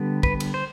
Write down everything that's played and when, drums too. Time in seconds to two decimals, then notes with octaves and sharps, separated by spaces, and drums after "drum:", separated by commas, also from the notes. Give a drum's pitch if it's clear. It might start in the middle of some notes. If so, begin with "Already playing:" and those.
Already playing: D3 G3 B3
0.23 B4, drum: kick
0.40 drum: cymbal
0.54 C5